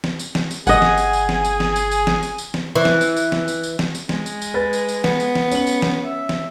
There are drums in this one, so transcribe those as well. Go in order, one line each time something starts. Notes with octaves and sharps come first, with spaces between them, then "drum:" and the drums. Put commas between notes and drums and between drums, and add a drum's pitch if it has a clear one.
drum: snare
drum: tambourine
drum: snare
drum: tambourine
G1 G#4 D#5 F#5 G#5, drum: tambourine
drum: snare
drum: tambourine
drum: tambourine
drum: snare
drum: tambourine
drum: snare
drum: tambourine
drum: tambourine
drum: snare
drum: tambourine
drum: tambourine
drum: snare
E3
drum: snare
drum: tambourine
drum: tambourine
drum: snare
drum: tambourine
drum: tambourine
drum: snare
drum: tambourine
G#3, drum: snare
drum: tambourine
drum: tambourine
B4 A6
drum: tambourine
drum: tambourine
B3, drum: snare
drum: tambourine
drum: snare
C#4 F#7, drum: tambourine
drum: tambourine
drum: snare
E5
drum: snare